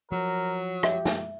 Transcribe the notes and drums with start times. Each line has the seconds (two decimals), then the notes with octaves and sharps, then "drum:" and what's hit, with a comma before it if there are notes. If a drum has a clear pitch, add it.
0.12 F3 F#3 A#4
0.83 G4 E5, drum: rim click
1.05 drum: snare